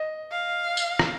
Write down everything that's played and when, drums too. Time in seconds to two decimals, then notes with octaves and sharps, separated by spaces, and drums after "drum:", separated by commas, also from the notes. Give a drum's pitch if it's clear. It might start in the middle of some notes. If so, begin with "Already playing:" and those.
Already playing: D#5
0.32 F5
0.77 drum: tambourine
0.99 drum: rim click